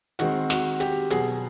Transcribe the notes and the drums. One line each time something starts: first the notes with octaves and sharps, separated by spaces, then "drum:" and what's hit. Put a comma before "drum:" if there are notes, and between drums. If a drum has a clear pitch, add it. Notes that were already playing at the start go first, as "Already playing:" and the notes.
D#3 G#3 C4 F#4, drum: hi-hat
F#4, drum: snare
G4, drum: hi-hat
B2 F#3 B3 G#4, drum: hi-hat